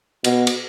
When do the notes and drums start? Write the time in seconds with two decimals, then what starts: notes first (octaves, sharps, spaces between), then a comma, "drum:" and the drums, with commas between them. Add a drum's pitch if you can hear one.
0.24 B2, drum: cymbal
0.47 drum: cymbal